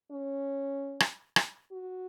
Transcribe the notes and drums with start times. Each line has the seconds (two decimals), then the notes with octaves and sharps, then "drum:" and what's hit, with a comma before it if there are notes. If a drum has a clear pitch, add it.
0.11 C#4
1.00 drum: rim click
1.36 drum: rim click
1.72 F#4